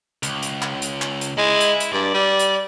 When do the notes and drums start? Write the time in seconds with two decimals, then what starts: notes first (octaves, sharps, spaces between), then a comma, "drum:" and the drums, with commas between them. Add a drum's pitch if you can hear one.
0.23 C#2, drum: hi-hat
0.43 drum: hi-hat
0.62 drum: clap
0.82 drum: hi-hat
1.02 drum: clap
1.21 drum: hi-hat
1.38 G#3 E4
1.61 drum: hi-hat
1.80 drum: hi-hat
1.93 G2 D5
2.14 G3
2.39 drum: hi-hat